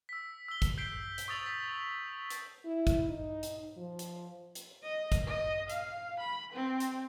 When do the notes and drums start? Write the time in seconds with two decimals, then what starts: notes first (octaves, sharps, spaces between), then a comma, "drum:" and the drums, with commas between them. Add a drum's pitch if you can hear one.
0.09 E6 B6
0.48 E6 G7
0.62 drum: kick, hi-hat
0.78 G6 B6 C7 D7 G7
1.18 drum: hi-hat
1.28 C#6 D#6 E6 A6 F7 F#7
1.46 B6
2.30 drum: hi-hat
2.65 E4
2.87 drum: kick, hi-hat
3.09 D#4
3.43 drum: hi-hat
3.77 F3
3.99 drum: hi-hat
4.55 drum: hi-hat
4.83 D#5
5.12 drum: kick, hi-hat
5.27 D#5
5.69 F5, drum: hi-hat
6.20 B5
6.53 C4
6.80 drum: hi-hat